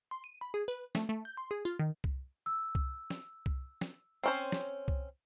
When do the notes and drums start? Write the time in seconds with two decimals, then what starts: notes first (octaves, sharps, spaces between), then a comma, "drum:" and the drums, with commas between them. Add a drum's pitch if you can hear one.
0.11 C6
0.24 D#7
0.41 B5
0.54 G#4
0.68 B4
0.95 A3, drum: snare
1.09 A3
1.25 G6
1.37 C6
1.51 G#4
1.65 F4
1.79 D#3
2.04 drum: kick C2
2.46 E6
2.75 drum: kick C2
3.10 drum: snare
3.46 drum: kick C2
3.81 drum: snare
4.23 C4 C#4 C5
4.52 drum: snare
4.88 drum: kick C2